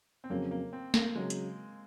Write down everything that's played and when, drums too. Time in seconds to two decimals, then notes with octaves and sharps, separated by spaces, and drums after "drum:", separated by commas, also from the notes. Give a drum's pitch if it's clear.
0.24 C4
0.30 F2 C#3 F#3 A#3 C#4
0.51 A#3
0.73 C4
0.94 A#3, drum: snare
1.15 C#3 F#3 G#3 C#4
1.30 drum: hi-hat